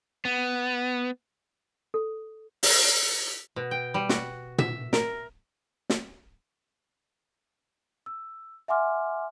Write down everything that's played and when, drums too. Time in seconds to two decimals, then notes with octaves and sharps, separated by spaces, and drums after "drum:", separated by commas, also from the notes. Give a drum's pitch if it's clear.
0.25 B3
1.94 A4
2.63 drum: open hi-hat
3.56 B2
3.71 G5
3.94 G3
4.09 F#4, drum: snare
4.58 E5, drum: tom
4.93 A#4, drum: snare
5.90 drum: snare
8.06 E6
8.68 E5 F#5 G#5 C6 D6 F6